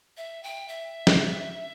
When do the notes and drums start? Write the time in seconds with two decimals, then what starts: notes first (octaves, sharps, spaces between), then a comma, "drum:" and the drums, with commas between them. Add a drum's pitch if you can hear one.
0.17 E5
0.43 G5
0.68 E5
1.07 drum: snare